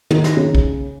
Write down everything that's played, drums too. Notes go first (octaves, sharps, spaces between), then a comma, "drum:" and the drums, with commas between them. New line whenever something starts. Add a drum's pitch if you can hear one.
D#3, drum: tom
drum: snare
C#3
drum: kick A#1